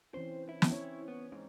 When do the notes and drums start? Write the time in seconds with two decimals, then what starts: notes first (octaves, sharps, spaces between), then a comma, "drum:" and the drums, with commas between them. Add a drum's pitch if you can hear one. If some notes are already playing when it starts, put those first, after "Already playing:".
0.14 E3 C4 C#4 C5
0.49 E4
0.62 drum: snare
0.72 C4 C#4 C#5
1.08 B3
1.32 G#2 D#4